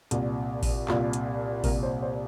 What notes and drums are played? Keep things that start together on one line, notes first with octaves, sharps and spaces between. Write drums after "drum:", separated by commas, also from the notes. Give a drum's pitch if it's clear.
C2 A#2, drum: hi-hat
drum: kick A1, open hi-hat
C2 A#2 F4, drum: clap
drum: hi-hat
C2 A#2 A#4, drum: kick A1, open hi-hat
C5
C5